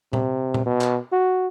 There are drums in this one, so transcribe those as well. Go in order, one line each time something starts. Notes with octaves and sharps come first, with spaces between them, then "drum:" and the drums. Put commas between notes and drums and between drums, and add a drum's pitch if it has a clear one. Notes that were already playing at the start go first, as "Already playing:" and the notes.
C3, drum: tom A#2
drum: tom A#2
B2
drum: clap
F#4